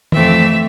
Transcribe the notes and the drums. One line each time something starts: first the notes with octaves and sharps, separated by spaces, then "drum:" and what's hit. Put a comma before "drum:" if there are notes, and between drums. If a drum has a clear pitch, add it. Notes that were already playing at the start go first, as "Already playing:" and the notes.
F2 E3 A3 C4 E5, drum: tom